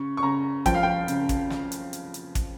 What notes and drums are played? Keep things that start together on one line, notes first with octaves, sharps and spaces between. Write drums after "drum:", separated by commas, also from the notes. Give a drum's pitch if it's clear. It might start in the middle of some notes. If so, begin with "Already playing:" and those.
Already playing: C#3 C#6
C#6
C#3 A#5
F3 G5, drum: kick, hi-hat
F5
G5
C#3, drum: hi-hat
drum: kick, hi-hat
drum: snare
drum: hi-hat
drum: hi-hat
drum: hi-hat
drum: kick, hi-hat